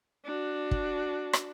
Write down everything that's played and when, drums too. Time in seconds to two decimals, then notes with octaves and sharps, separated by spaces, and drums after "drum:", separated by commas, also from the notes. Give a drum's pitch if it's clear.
0.25 D4 F#4
0.71 drum: kick
1.33 drum: rim click